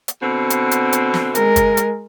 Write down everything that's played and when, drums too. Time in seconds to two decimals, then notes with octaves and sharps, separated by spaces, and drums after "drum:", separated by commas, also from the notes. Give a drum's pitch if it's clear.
0.08 drum: hi-hat
0.21 B2 D3 C4
0.50 drum: hi-hat
0.71 drum: hi-hat
0.93 drum: hi-hat
1.14 drum: snare
1.35 G#3 A#4, drum: hi-hat
1.56 drum: kick, hi-hat
1.77 drum: hi-hat